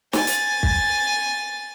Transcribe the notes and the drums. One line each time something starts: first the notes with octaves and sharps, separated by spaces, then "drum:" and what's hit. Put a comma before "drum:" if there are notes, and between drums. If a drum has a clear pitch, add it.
G#5 A6, drum: snare
drum: hi-hat
drum: kick